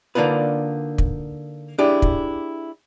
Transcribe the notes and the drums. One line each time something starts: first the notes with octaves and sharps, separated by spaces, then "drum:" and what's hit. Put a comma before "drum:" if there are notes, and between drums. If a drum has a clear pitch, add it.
D3 A#3 D4 D#4 F4 B4
drum: kick
D4 E4 G4 G#4
drum: kick